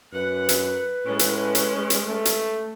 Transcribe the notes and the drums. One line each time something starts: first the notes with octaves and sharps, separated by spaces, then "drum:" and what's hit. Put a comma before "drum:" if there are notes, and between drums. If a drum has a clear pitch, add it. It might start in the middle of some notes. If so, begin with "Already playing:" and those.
F#2 B4 F#5
drum: hi-hat
A2 G#3 C#4
drum: hi-hat
drum: hi-hat
drum: hi-hat
A3
drum: hi-hat